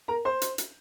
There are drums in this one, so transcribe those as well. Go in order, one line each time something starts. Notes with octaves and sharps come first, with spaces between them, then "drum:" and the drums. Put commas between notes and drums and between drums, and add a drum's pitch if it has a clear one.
A#4 A#5
C5 C6
drum: hi-hat
drum: hi-hat